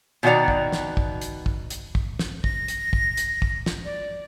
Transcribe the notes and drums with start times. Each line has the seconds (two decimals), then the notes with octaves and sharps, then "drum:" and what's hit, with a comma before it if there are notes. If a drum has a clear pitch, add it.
0.23 B2 D#3 E4 F#4 D5 A#5
0.48 drum: kick
0.72 drum: snare
0.97 drum: kick
1.21 drum: hi-hat
1.46 drum: kick
1.70 drum: hi-hat
1.95 drum: kick
2.19 drum: snare
2.44 A#6, drum: kick
2.68 drum: hi-hat
2.93 drum: kick
3.17 drum: hi-hat
3.42 drum: kick
3.66 drum: snare
3.85 D5